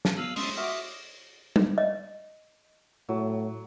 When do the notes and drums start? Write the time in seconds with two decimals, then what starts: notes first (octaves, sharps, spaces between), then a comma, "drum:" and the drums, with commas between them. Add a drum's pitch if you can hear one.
0.05 drum: snare
0.17 B3 F5 E6
0.36 G#3 A3 C#4 D#5 C6, drum: open hi-hat
0.57 F4 F#4 E5 F#5 D6 D#6 F6
1.56 drum: tom G3
1.78 D#5
3.09 A2 F#3